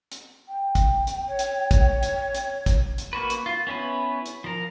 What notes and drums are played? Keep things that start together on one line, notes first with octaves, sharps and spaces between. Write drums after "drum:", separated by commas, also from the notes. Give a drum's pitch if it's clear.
drum: hi-hat
G5
drum: kick, hi-hat
drum: hi-hat
C#5
drum: hi-hat
drum: kick, hi-hat
drum: hi-hat
drum: hi-hat
drum: kick, hi-hat
drum: hi-hat
A#3 F#4 B4
drum: hi-hat
F4
B3 C#4 E4 B4
drum: hi-hat
F3 A#4